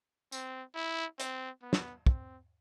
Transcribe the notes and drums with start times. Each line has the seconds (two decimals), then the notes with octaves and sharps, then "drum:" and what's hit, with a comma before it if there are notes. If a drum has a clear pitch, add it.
0.32 C4, drum: tambourine
0.75 E4
1.20 C4, drum: hi-hat
1.62 B3
1.73 drum: snare
2.06 C4, drum: kick